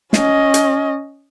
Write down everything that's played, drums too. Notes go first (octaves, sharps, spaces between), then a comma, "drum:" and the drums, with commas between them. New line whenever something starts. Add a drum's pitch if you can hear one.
C#4 D#5, drum: snare
drum: hi-hat